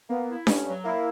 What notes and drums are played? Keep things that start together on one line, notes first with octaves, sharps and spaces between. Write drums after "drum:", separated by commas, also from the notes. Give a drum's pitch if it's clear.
A#3 B3
E4
G2 C#4, drum: snare D4
F#3
A#3 E4